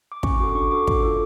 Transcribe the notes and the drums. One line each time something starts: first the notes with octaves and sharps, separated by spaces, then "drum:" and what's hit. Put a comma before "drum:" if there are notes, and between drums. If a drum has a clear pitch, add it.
D6
C#4 C#6, drum: kick
F#4 A4 D6
D6
D4 C#6
F#4 A4 D6
D4 D6, drum: kick
F4 A4